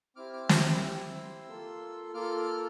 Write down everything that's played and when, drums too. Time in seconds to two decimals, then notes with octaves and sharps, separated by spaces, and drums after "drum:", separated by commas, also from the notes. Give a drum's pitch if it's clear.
0.16 C4 E4 G4 D6 F6
0.33 D6 F6
0.49 A#5 D6, drum: snare
0.66 C6 E6
0.82 C4 E4 G4
1.49 A#3 F4 A4
2.14 A#3 F4 A4 D6 F6
2.36 D6 F6